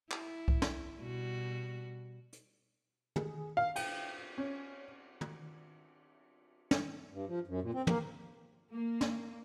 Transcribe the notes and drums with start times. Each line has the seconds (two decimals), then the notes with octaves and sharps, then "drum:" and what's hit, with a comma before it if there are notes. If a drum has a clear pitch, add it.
0.11 E4, drum: clap
0.48 drum: kick C2
0.62 drum: snare
1.00 B2 G3 F#4
2.33 drum: hi-hat
3.16 G#4, drum: tom
3.57 F5
3.76 G5, drum: cymbal
4.38 C#4
5.21 drum: tom
6.71 drum: snare
7.12 G2
7.27 F3
7.47 F#2
7.62 A#2
7.74 C4
7.87 A#3, drum: tom
8.71 A#3
9.01 drum: snare